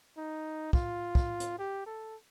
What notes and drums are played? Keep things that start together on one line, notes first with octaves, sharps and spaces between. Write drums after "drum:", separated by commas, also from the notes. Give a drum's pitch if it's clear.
D#4
F4, drum: kick
drum: kick
drum: hi-hat
G4
A4